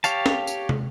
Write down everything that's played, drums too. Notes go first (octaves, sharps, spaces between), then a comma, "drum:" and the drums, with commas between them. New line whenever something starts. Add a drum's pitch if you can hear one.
G4 C#5 F5 A5, drum: tambourine
drum: snare
drum: tambourine
drum: tom